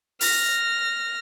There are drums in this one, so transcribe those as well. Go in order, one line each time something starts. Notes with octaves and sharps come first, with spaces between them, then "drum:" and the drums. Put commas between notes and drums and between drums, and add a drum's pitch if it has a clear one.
F6 A#6, drum: open hi-hat